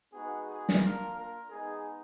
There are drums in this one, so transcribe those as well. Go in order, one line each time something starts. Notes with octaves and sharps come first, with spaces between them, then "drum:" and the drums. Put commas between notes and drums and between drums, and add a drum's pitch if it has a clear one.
G#3 B3 D#4 F#4 G#4
G#4
drum: snare
A#3 D4 F4 A#4
A#4
G#3 B3 D#4 G#4